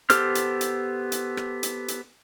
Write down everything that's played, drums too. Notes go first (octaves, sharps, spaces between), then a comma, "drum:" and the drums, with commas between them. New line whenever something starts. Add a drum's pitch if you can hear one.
B3 G4 A4 C5 F6, drum: hi-hat
drum: hi-hat
drum: hi-hat
drum: hi-hat
drum: rim click
drum: hi-hat
drum: hi-hat